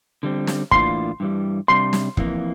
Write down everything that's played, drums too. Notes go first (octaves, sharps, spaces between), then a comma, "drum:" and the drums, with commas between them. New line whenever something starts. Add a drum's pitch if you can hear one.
D3 G3 C4
drum: snare
A2 E3 A#3 D4 F4 C6, drum: kick
G2 E3 G3
C3 G3 D4 C6
drum: snare
F2 E3 A#3, drum: kick